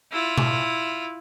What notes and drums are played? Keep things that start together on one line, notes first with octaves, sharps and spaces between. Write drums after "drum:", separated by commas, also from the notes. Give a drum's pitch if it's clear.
E4 F4
drum: tom B2